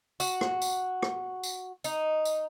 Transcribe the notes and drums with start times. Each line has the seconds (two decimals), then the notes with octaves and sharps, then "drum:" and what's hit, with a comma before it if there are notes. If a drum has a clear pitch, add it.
0.20 F#4, drum: tambourine
0.41 drum: rim click
0.62 drum: tambourine
1.03 drum: rim click
1.43 drum: tambourine
1.84 D#4, drum: tambourine
2.25 drum: tambourine